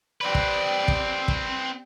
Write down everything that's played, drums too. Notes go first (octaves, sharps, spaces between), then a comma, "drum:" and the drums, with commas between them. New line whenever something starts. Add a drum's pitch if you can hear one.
C4 G4 B4 D5
drum: kick
drum: kick
drum: kick